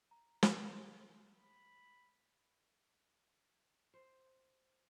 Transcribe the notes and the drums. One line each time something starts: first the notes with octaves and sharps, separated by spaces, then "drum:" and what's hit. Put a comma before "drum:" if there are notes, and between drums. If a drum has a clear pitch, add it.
A#5
drum: snare
B5
C5